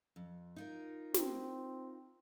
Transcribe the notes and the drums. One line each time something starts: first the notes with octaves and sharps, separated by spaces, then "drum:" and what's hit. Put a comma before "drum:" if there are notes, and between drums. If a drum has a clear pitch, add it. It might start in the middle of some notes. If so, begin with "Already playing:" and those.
F2
D#4 F4 A#4
C4, drum: snare